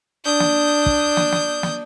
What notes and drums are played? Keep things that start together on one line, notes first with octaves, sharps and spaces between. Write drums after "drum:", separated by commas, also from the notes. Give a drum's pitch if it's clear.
D4 D#6 G6
drum: snare
drum: kick
drum: snare
drum: snare
drum: snare